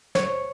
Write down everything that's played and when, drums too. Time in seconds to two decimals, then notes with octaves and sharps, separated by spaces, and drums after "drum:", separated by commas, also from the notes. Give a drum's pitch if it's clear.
0.15 C#5, drum: snare